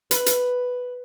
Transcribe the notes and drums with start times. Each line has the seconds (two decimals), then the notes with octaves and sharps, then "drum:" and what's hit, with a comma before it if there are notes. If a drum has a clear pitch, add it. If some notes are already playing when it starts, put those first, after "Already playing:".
0.11 B4, drum: hi-hat
0.26 drum: hi-hat